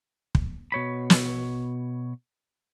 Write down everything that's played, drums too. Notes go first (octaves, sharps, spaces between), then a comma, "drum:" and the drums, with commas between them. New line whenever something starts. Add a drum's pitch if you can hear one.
drum: kick
B2 C#5 B5
drum: snare